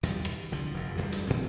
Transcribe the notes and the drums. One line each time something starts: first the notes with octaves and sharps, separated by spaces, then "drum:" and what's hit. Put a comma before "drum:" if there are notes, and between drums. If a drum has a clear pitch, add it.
D#2 B2 G3, drum: hi-hat
drum: rim click
C2 D3 F3
F1 F#2
E2 G2 F#3 G3
drum: hi-hat
A2 E3 C4